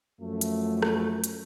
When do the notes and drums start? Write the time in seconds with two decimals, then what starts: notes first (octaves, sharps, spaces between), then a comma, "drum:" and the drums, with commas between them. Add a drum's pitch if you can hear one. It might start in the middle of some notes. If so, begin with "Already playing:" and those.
0.21 F#2 F3 A3
0.41 drum: hi-hat
0.82 drum: rim click
1.24 drum: hi-hat